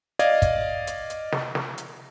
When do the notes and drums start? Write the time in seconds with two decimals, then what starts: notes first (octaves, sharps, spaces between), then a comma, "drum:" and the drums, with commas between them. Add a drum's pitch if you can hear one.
0.19 D5 D#5 F5 G#6, drum: hi-hat
0.42 drum: kick, hi-hat
0.87 drum: hi-hat
1.10 drum: hi-hat
1.32 drum: snare
1.55 drum: snare
1.78 drum: hi-hat